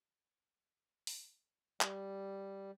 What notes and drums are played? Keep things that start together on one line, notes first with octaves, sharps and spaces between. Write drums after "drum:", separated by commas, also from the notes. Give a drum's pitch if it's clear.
drum: open hi-hat
G3, drum: clap